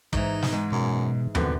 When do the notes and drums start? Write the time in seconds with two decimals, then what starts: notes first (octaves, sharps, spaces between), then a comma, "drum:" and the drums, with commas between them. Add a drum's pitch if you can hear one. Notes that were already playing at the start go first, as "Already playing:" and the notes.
0.13 G#2 E3 D#4, drum: kick
0.43 drum: snare
0.53 G#2 G#3
0.72 F#2 B2
1.35 F#2 D3 B3 C4, drum: tom D#2